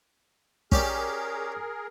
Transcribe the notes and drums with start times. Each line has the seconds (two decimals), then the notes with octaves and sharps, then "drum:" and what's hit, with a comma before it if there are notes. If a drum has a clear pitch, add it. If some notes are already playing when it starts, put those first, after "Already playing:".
0.72 C#4 G4 G#4 A#4 D5, drum: kick